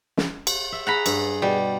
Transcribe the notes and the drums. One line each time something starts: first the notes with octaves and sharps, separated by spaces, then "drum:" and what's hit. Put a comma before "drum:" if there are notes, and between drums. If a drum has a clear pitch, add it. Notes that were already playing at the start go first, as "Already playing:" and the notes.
drum: snare
drum: cymbal
E5
G#4 F#5 A#5 B5
G2, drum: cymbal
B2 G3